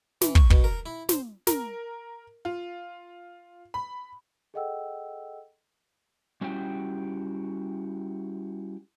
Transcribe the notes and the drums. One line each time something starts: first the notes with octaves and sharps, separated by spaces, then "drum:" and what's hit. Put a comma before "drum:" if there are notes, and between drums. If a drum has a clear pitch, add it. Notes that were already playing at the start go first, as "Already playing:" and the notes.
E3, drum: snare
C#6, drum: kick
B2, drum: kick
A#4
E4
C5, drum: snare
A#4, drum: snare
F4
B5
G#4 A4 D#5 F#5 G5 E6
G3 C#4 E4 F#4 G4 G5